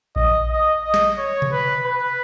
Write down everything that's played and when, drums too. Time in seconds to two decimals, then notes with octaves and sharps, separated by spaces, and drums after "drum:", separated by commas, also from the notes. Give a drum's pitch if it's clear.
0.16 D#5, drum: kick A#1
0.50 D#5
0.84 D#5
0.94 drum: snare
1.18 C#5
1.42 drum: tom B2
1.52 B4
1.86 B4